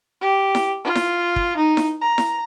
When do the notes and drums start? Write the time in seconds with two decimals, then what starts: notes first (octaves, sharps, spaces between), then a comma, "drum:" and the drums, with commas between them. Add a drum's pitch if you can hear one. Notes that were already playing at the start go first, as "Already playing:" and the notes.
0.21 G4
0.55 drum: snare E4
0.84 F4
0.95 drum: snare E4
1.36 drum: kick
1.57 D#4
1.77 drum: snare E4
2.02 A#5
2.18 drum: snare E4